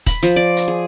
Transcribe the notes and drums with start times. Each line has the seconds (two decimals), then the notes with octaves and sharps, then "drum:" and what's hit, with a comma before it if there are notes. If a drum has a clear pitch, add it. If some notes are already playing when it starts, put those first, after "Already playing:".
0.06 B5, drum: kick D#1, hi-hat
0.23 F3, drum: hi-hat
0.36 D5
0.56 drum: hi-hat
0.68 G#4